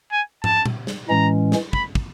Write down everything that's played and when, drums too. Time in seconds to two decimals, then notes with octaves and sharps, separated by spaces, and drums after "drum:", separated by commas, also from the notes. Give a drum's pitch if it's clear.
0.12 G#5
0.44 A5, drum: tom
0.66 drum: tom
0.87 drum: snare
1.08 A2 E3 G#3 C#4 A#5
1.52 drum: snare
1.73 B5, drum: kick
1.95 drum: kick